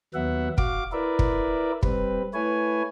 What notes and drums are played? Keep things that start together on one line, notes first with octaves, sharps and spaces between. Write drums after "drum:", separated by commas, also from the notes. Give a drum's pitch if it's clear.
D#2 F#3 B3 E5 F#5
F#4 F5 D6, drum: kick
E4 A#4 B4 D5 E5
drum: kick
G3 C4 B4, drum: kick
A3 E4 B4 C#5 G#5